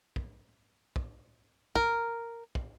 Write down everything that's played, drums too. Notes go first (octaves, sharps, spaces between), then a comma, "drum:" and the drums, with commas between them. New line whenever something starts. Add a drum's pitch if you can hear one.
drum: kick
drum: kick
A#4, drum: kick
drum: kick